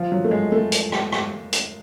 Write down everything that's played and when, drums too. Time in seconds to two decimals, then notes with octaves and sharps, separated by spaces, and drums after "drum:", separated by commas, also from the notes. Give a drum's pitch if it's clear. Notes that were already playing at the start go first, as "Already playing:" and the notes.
Already playing: F3
0.12 F#3
0.25 A3
0.31 G#3
0.52 A3
0.72 drum: hi-hat
0.92 drum: rim click
1.12 drum: rim click
1.53 drum: hi-hat